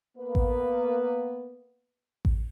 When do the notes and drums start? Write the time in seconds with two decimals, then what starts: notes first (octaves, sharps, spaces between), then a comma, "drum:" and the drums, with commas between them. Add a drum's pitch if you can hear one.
0.18 A#3 B3 B4
0.35 drum: kick A1
2.25 drum: kick A1